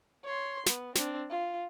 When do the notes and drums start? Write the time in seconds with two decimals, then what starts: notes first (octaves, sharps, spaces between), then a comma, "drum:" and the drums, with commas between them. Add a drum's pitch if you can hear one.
0.24 C#5 C6
0.66 B3, drum: snare
0.95 C4 D4, drum: snare
1.30 F4